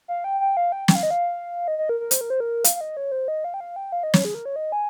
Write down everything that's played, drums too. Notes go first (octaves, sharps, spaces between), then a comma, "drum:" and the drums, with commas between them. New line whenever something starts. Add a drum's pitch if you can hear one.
F5
G5
G5
F5
G5
G5, drum: snare
F5
D#5
F5
D#5
D#5
A#4
A#4
C5, drum: hi-hat
A#4
C5
A#4
F5, drum: hi-hat
F5
D#5
C#5
C5
D#5
F5
G5
F5
G5
F5
D#5
C#5, drum: snare
G#4
A#4
C#5
D#5
G#5